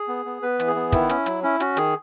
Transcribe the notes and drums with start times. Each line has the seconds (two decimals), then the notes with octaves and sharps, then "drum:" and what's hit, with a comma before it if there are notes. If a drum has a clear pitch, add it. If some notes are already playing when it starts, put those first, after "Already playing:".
Already playing: G#4
0.08 B3
0.25 B3
0.42 B3 B4
0.60 E3, drum: hi-hat
0.67 G#4
0.75 B3
0.92 D#3 E4, drum: kick, hi-hat
1.09 C#4, drum: hi-hat
1.26 F#3, drum: hi-hat
1.43 C#4 E4
1.60 C#4 F#4, drum: hi-hat
1.77 D#3 G#4, drum: hi-hat